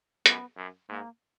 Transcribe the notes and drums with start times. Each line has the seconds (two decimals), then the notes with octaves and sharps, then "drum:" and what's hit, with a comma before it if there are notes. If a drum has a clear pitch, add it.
0.26 F#2 B3, drum: hi-hat
0.57 F#2
0.89 G#2 A#3